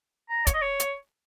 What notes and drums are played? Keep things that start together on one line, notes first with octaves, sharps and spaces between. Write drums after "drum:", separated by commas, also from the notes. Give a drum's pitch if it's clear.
A#5
C#5, drum: kick, hi-hat
D#5
C#5
drum: hi-hat